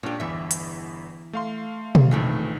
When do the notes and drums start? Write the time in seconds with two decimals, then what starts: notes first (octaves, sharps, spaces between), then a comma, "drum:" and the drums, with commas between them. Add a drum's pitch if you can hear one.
0.03 A#2 C#4 D4 G4
0.20 G1 E2 E3 E4 E5
0.51 drum: hi-hat
1.33 A3 F5 C6
1.95 drum: tom B2
2.11 A#1 F2 D#3 E3 A3